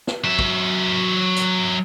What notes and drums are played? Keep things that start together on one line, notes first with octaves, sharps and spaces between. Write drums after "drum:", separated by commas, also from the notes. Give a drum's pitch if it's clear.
drum: snare
F#3 E5
drum: kick
drum: hi-hat